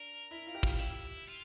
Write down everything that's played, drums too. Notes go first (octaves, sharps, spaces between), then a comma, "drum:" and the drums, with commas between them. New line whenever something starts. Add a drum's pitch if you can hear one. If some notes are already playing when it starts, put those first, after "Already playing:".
Already playing: D4 A#4
E4
F4
G4
F4, drum: kick
E4 G4
F4